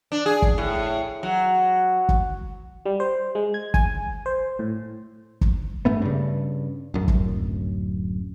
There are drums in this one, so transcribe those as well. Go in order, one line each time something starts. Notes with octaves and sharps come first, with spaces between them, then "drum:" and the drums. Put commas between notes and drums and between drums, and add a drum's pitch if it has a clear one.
D4
G#4
drum: kick
A2
F#3
drum: kick
G3
C5
G#3
G#6
G#5, drum: kick
C5
A2
drum: kick
G2 A3 B3
G2 C#3
D1 F#2
drum: kick